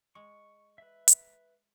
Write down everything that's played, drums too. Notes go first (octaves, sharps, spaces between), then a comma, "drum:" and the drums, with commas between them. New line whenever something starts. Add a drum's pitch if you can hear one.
G#3 C#6
B4 E5
drum: hi-hat